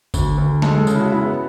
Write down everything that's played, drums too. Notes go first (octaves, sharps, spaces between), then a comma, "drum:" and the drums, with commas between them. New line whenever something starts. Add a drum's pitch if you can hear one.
D2, drum: kick G#1, tambourine
D2
G#3 A4, drum: snare
A4
C#3, drum: tambourine
E4
F#4
C#3 E4
B3